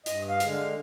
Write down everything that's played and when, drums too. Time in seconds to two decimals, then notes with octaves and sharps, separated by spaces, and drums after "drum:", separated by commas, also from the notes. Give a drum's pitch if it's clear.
0.06 G2 D#5, drum: hi-hat
0.29 F5
0.40 D3 G#3, drum: hi-hat
0.52 F5